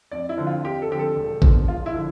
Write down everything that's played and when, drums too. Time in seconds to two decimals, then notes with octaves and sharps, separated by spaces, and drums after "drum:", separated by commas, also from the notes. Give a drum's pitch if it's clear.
0.11 F2 D5
0.29 E4
0.38 D3 F3 C4
0.47 F4
0.64 F2 G4
0.82 A4
0.90 D3 F3 C4 G4
0.99 A4
1.16 E1
1.42 E2 D3 F3, drum: kick A1
1.68 E1 F4
1.86 E4
1.94 D3 F3